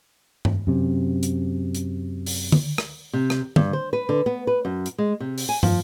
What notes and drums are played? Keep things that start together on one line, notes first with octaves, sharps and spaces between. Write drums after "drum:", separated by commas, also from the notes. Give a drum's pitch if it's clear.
drum: tom
F#2 C3
drum: hi-hat
drum: hi-hat
drum: open hi-hat
drum: tom D3
drum: rim click
C3
drum: rim click
G2, drum: tom D3
C5
B4
D3
B3
B4
F#2
drum: hi-hat
G#3
C3
drum: open hi-hat
G#5
F3, drum: tom